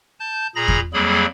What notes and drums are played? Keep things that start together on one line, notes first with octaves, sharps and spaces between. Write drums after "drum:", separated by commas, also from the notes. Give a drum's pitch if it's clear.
A5 G6
A#2 G#4 A#5 B5 A#6
drum: kick E2
F2 F#3 G3 A#3 G#4 B5